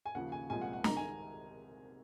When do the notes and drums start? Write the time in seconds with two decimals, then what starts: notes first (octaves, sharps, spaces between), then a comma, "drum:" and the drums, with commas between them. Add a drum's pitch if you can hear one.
0.06 G#5
0.15 D#2 C#3 F3 F#5
0.32 G#5
0.50 C2 A#2 F3 G#3 G#5
0.61 F#5
0.73 F#5
0.84 C2 C3 D#3 G#3 A#5, drum: snare
0.97 G#5